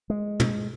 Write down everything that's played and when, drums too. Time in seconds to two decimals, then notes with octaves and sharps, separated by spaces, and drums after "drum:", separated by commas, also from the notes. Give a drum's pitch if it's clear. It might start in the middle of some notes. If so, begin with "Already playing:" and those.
0.10 G#3
0.40 drum: tom